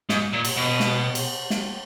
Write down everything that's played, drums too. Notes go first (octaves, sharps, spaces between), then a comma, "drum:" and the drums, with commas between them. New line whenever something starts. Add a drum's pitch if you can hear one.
G#2, drum: snare
A#2
drum: cymbal
B2
drum: snare
drum: cymbal
drum: snare